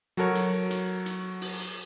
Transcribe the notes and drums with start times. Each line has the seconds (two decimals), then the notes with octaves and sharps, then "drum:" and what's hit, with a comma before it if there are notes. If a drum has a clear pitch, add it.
0.17 F#3 F#4 A4 A#4 C#5
0.35 drum: hi-hat
0.70 drum: hi-hat
1.06 drum: hi-hat
1.41 drum: open hi-hat